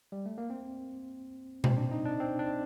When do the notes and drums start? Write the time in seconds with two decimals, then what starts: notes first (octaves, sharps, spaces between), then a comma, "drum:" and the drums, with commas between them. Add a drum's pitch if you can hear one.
0.12 G3
0.26 A3
0.38 A#3
0.50 C4
1.64 C4, drum: tom B2
1.77 D4
1.91 D#4
2.05 D4
2.20 C4
2.39 D4